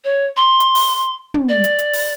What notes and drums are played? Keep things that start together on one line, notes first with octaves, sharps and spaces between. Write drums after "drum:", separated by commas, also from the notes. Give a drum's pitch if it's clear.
C#5
C6
drum: hi-hat
drum: open hi-hat
drum: tom
D5
drum: hi-hat
drum: hi-hat
drum: open hi-hat